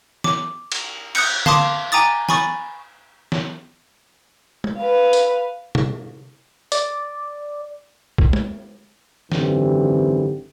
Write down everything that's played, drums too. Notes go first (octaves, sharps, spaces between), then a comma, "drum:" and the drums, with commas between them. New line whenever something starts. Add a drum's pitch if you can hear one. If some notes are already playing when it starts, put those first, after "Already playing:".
D6, drum: snare
drum: cymbal
D#6 F#6 G6 C#7, drum: cymbal
F5 A5 C6 D6 D#6, drum: tom D3
G5 G#5 A#5 D6 D#6 A6
G#5 B5 C#6 D#6 A6, drum: snare
drum: snare
drum: tom G#3
B4 F5
drum: hi-hat
drum: tom B2
D5, drum: hi-hat
drum: kick B1
drum: tom G#3
G#1 F#2 D3 E3 C4 G4, drum: snare